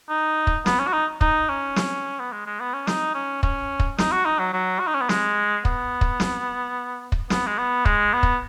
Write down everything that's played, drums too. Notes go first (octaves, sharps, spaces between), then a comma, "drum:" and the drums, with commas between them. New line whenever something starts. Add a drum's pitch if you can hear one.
D#4
drum: kick
B3, drum: snare
C#4
F#4
D#4
D#4, drum: kick
C#4
drum: snare
B3
G#3
G#3
B3
C#4
D#4, drum: snare
C#4
C#4, drum: kick
drum: kick
D#4, drum: snare
F#4
D#4
F#3
F#3
F#4
D#4
C#4
B3
G#3, drum: snare
B3, drum: kick
drum: kick
drum: snare
drum: kick
B3, drum: snare
G#3
B3
G#3, drum: kick
B3
drum: kick